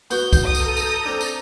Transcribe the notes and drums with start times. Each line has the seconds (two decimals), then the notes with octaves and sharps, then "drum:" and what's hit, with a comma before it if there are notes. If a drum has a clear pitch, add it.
0.11 B3 F#4 G6, drum: tambourine
0.33 drum: kick C2, tambourine
0.45 A4 A#5 D#6 G6
0.55 drum: tambourine
0.77 drum: tambourine
1.06 C4 D4
1.21 drum: tambourine